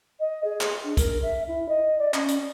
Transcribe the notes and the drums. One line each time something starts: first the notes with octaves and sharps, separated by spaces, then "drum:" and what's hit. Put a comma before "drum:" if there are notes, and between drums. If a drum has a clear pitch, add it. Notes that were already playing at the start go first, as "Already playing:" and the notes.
D#5
G#4
drum: clap
D4
A#4, drum: kick, hi-hat
E5
E4
D#5
D5
C#4, drum: clap
drum: hi-hat